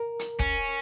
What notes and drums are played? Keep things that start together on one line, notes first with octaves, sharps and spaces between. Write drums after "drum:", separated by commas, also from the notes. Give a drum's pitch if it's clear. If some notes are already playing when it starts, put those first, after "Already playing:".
Already playing: A#4
drum: hi-hat
C#4, drum: kick